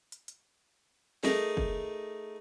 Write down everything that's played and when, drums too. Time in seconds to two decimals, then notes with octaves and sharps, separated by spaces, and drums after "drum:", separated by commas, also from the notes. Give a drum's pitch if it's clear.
0.12 drum: hi-hat
0.28 drum: hi-hat
1.24 A3 D#4 G#4 A#4, drum: snare
1.57 drum: kick